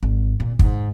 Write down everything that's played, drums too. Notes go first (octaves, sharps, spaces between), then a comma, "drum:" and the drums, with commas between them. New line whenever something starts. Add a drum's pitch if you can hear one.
G#1
A#2
G#2, drum: kick